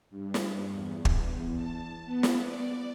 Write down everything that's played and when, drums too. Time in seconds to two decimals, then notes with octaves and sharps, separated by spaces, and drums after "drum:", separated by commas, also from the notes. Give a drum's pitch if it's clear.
0.11 G2
0.34 drum: snare
0.74 E2
1.05 drum: kick
1.56 A5
2.06 B3
2.23 drum: snare
2.47 D5